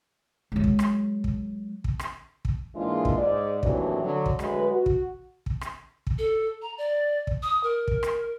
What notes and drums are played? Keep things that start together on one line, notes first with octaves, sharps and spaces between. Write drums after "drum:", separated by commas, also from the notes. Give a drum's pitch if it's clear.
F#3 G#3
drum: kick
drum: rim click
drum: kick
drum: kick
drum: rim click
drum: kick
G#2 E3 G#3 A#3 D4 F4
drum: kick
G#2 D5
D#2 A2 E3 F#3 C4 D4, drum: kick
D3 F#3
drum: kick
D2 F#3 G#3 B4, drum: rim click
F#4
drum: kick
drum: kick
drum: rim click
drum: kick
A4
A#5
D5
drum: kick
D#6
A#4
drum: kick
drum: rim click